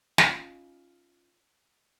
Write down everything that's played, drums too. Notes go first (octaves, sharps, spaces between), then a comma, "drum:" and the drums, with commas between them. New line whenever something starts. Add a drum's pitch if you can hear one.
C#4 D#4 F4, drum: snare